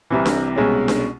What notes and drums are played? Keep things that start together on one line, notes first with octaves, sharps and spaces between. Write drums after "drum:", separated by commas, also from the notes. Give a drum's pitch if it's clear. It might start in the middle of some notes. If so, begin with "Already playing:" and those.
C2 C3 E3
drum: snare D4
C2 B2 G#3 C#4
drum: snare D4